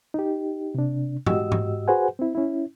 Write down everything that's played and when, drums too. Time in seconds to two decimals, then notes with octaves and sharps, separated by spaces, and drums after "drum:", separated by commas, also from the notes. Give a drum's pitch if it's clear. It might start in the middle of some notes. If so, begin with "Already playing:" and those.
0.14 D#4 G4
0.75 C3 D4
1.26 G#2 F#4 G4 D#5 E6, drum: tom G#2
1.52 drum: tom G#2
1.88 F#4 G#4 B4 C5 F#5 G#5
2.19 C4 E4
2.35 C#4 E4